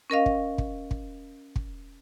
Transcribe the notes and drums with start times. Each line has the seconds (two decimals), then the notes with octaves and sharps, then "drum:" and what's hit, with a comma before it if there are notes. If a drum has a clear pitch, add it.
0.10 C#4 A#4 D#5 F5
0.26 drum: kick
0.58 drum: kick
0.91 drum: kick
1.56 drum: kick